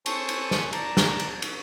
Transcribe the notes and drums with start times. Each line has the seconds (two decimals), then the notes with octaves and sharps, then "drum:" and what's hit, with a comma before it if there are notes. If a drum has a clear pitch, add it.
0.06 A4 C5 C#5 G#5 A5 C#6, drum: cymbal
0.29 drum: cymbal
0.51 drum: snare
0.73 D5 A5 A#5, drum: cymbal
0.97 drum: snare
1.20 drum: cymbal
1.42 drum: cymbal